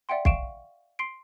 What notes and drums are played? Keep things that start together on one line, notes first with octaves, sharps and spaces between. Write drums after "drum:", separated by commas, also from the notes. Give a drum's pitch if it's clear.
D5 E5 F#5 G5 C6
F5 C#6 D7 E7, drum: kick B1
C6 C7 D7